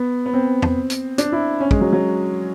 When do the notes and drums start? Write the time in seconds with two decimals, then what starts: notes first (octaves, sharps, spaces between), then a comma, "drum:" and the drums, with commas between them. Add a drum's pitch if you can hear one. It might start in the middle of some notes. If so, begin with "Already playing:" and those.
Already playing: B3
0.26 B3
0.34 C4
0.62 drum: tom
0.90 drum: hi-hat
1.18 D4, drum: hi-hat
1.32 E4
1.60 C#4
1.71 G#3, drum: kick
1.81 F#3
1.93 F#3